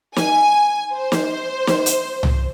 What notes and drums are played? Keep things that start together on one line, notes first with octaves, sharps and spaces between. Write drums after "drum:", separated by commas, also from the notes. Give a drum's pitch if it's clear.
G#5, drum: snare
C5
drum: snare
drum: snare
drum: hi-hat
drum: tom C2